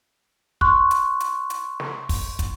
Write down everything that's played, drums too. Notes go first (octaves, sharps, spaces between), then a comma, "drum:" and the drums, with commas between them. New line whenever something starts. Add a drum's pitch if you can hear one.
C6 C#6 F#6, drum: kick
drum: hi-hat
drum: hi-hat
drum: hi-hat
drum: snare
drum: kick, open hi-hat
drum: kick, hi-hat